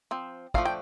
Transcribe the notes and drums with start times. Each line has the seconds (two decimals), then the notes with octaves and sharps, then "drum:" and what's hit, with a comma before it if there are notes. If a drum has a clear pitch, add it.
0.11 F3 C4
0.54 F3 A3 D4 F5, drum: kick
0.65 G5